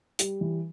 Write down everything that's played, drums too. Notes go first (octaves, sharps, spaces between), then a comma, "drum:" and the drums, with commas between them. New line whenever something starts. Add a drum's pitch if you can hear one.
G3, drum: hi-hat
E3